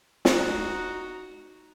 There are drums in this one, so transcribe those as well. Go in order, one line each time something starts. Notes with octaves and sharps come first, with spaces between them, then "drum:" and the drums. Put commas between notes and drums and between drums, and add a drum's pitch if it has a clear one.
D#4 F#4, drum: snare